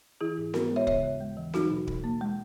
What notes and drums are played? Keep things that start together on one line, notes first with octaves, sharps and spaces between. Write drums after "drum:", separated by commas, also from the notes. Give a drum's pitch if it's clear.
E3 E4 G#4
G#2
B3 F#4 A#4, drum: snare C4
G#3
C#5 E5
C#3 C#5 E5, drum: kick D1
D#2
G#3
E3
F#3 D#4 F#4, drum: snare C4
B2
B2, drum: kick D1
A#3
G#3